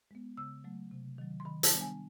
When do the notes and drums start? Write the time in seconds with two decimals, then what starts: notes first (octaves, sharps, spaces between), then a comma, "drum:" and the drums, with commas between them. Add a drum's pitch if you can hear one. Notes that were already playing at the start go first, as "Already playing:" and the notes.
0.11 G#3 B3
0.37 C#3 E6
0.64 F#3 A3
0.91 C3
1.18 D#3 F#3
1.40 C6
1.45 D#3 B5
1.63 A5, drum: hi-hat
1.73 G3 B3 D4
1.81 G#5